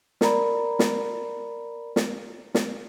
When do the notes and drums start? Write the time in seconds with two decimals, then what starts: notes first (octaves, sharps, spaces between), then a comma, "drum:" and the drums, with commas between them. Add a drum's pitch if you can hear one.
0.21 A#4 D5 A#5 B5, drum: snare
0.79 drum: snare
1.96 drum: snare
2.54 drum: snare